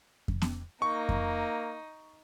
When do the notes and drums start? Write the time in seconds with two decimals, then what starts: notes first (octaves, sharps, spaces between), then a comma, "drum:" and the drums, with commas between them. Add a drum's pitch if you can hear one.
0.28 drum: kick F2
0.42 drum: snare B3
0.82 A#3 D#4 C#6
1.09 drum: kick F2